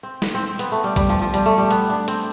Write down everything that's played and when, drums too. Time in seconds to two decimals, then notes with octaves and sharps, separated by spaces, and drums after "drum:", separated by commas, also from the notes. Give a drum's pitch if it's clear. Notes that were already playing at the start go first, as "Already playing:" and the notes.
0.03 C4
0.22 drum: snare
0.34 C4
0.47 C4
0.59 B3, drum: hi-hat
0.72 A3
0.84 G3
0.96 G3, drum: kick, hi-hat
1.09 F3
1.21 F3
1.34 G3, drum: hi-hat
1.46 A3
1.58 G3
1.71 B3, drum: hi-hat
1.90 D4
2.08 C4, drum: hi-hat